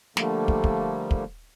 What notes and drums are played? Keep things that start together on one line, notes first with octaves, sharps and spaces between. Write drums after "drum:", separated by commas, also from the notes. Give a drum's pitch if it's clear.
D3 F3 G3 A3 A#3, drum: snare
drum: kick
drum: kick
drum: kick